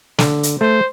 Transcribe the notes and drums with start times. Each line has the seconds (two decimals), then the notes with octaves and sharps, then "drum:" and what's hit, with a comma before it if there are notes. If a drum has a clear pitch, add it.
0.19 D3, drum: snare
0.43 drum: hi-hat
0.61 A3 C5